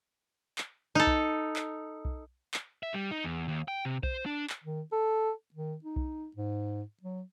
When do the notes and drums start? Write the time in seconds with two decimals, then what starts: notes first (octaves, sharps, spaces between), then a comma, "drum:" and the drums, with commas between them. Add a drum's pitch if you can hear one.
0.58 drum: clap
0.95 D#4 A4
1.07 drum: kick B1
1.56 drum: clap
2.05 drum: kick B1
2.54 drum: clap
2.83 E5
2.94 G3
3.11 D#4
3.24 E2
3.48 D#2
3.68 G5
3.85 C3
4.03 C5, drum: kick B1
4.26 D4
4.50 drum: clap
4.64 D#3
4.92 A4
5.54 D#3
5.84 D#4
5.96 drum: kick B1
6.37 G#2
7.03 F#3